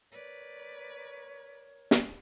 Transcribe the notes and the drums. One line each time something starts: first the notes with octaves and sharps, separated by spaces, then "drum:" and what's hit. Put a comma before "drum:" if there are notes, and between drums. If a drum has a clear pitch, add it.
A#4 B4 C#5 D5
drum: snare